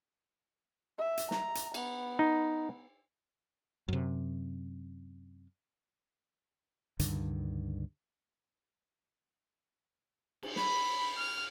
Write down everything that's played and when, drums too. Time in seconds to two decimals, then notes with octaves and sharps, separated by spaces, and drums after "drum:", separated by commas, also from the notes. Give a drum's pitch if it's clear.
0.98 E5
1.17 drum: hi-hat
1.31 A#5, drum: snare
1.55 drum: hi-hat
1.74 B3, drum: cymbal
2.19 D#4
3.88 F#2 C3
6.99 C#2 G2 D3 D#3, drum: hi-hat
10.43 drum: cymbal
10.56 B5, drum: snare
11.17 F6